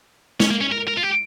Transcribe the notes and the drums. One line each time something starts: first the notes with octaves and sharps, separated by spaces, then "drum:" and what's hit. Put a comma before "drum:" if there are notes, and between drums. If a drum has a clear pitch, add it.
C#4, drum: snare
A#3
C#4
A#4
A#4
F4
G4